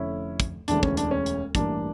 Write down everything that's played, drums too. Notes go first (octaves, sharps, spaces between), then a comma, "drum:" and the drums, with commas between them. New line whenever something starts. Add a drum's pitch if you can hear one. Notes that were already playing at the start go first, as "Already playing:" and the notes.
Already playing: F1 F2 D3 A3 C#4 E4
drum: kick, hi-hat
E1 D2 C#3 E3 D4, drum: hi-hat
C#4, drum: kick
D4, drum: hi-hat
C#4
drum: hi-hat
A1 G2 E3 A#3 D4, drum: kick, hi-hat